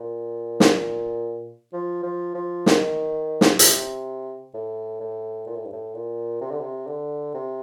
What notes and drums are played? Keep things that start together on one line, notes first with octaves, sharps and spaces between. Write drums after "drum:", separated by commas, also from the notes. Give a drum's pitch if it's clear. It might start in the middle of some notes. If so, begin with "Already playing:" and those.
Already playing: A#2
drum: snare
F3
F3
F3
D#3, drum: snare
drum: snare
C3, drum: hi-hat
A2
A2
A#2
A2
G2
A2
A#2
C3
D3
C3
D3
C3